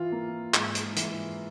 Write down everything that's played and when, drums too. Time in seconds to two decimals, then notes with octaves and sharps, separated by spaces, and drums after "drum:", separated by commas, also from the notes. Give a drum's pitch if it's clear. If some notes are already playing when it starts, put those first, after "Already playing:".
Already playing: E3 F4
0.12 A#3
0.54 G#2, drum: clap
0.75 drum: hi-hat
0.96 E3, drum: hi-hat